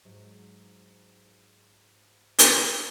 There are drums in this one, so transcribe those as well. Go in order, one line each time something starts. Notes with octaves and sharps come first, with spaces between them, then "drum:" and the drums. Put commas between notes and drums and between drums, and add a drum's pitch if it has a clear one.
G#2 F#3 G#3
drum: hi-hat